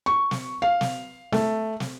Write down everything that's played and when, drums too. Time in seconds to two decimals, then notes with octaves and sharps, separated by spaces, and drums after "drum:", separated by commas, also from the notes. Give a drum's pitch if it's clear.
0.06 C#6
0.31 drum: snare
0.62 F5
0.81 drum: snare
1.32 A3, drum: snare
1.80 drum: snare